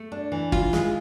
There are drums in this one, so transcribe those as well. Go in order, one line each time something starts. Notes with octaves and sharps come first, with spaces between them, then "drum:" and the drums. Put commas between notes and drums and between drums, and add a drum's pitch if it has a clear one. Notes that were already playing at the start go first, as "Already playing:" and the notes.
Already playing: A3
D4
E3
F4, drum: kick G#1
G#3, drum: snare